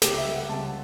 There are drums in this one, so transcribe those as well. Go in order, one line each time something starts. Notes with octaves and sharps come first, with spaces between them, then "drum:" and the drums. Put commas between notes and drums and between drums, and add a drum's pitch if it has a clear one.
C#2 G4, drum: snare
E5
G3
F#5
C#2 A5